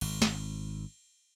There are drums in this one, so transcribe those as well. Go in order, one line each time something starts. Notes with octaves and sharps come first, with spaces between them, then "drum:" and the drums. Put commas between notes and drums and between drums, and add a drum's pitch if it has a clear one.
G#1, drum: cymbal
drum: snare